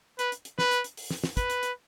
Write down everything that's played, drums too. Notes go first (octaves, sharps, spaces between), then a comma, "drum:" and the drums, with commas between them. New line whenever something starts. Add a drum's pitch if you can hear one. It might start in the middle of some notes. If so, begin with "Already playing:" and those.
B4, drum: hi-hat
drum: hi-hat
drum: hi-hat
B4, drum: snare
drum: hi-hat
drum: hi-hat
drum: open hi-hat
drum: snare
drum: snare
B4, drum: kick, hi-hat
drum: hi-hat
drum: hi-hat